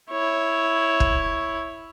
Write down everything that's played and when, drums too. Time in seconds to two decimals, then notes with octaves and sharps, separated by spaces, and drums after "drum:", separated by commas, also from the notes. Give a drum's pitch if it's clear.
0.11 E4 C#5
1.00 drum: kick